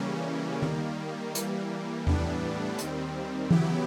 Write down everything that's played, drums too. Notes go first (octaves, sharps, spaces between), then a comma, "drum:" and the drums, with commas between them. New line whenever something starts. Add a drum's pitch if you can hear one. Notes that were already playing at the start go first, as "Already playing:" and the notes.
Already playing: C#3 E3 G3 A#3 C#4
D#3 G3 A#3, drum: tom D#3
E3 G3 A#3, drum: hi-hat
A2 E3 G3 B3 D4, drum: tom E2
D#2 D#3 G3 C4, drum: hi-hat
C#3 F#3 B3 E4 G4, drum: tom E3